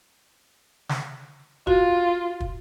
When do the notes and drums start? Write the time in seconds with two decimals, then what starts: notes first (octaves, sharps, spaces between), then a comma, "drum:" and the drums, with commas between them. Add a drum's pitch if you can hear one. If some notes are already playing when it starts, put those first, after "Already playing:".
0.89 drum: snare
1.67 F4 F#4, drum: kick
2.40 drum: kick